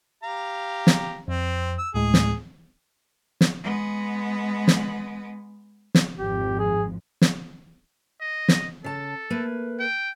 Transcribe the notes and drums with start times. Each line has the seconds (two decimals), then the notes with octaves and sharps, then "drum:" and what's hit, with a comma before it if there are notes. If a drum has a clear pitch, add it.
0.23 G4 F5 A#5
0.87 drum: snare
1.28 F2 C4
1.78 E6
1.94 D2 A2 G#3 G#4
2.14 drum: snare
3.41 drum: snare
3.63 G#3 B3
4.68 drum: snare
5.95 drum: snare
6.18 G#1 F2 G4
6.59 G#4
7.21 drum: snare
8.21 D#5
8.48 drum: snare
8.84 C#3 A4 A5
9.30 A3 A#3 B4
9.80 G5